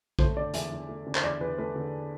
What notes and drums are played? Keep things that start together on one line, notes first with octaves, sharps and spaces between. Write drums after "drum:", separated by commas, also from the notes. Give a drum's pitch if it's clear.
A3 C5, drum: kick A#1
D3 D5
E2 E5, drum: hi-hat
E2
A3
D3
C5, drum: clap
E2 D5
E2 B4
A3 B4
D3